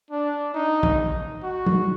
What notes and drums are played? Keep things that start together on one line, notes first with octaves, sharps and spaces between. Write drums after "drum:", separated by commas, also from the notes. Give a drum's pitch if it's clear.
D4
D#4
drum: kick
F#4
drum: tom